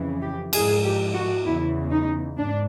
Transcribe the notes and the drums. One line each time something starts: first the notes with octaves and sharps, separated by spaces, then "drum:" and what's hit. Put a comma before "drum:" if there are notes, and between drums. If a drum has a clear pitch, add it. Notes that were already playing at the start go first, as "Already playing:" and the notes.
Already playing: F2 C#3 E3
G4
G#2 F3 G#4, drum: cymbal
G4
F#4
E2 C#3 E3 E4
D#4
G#2 D4